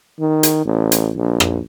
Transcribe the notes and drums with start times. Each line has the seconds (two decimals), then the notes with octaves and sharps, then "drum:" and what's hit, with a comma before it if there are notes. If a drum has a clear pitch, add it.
0.20 D#3
0.43 drum: hi-hat
0.66 A1
0.92 drum: hi-hat
1.16 A#1
1.40 drum: rim click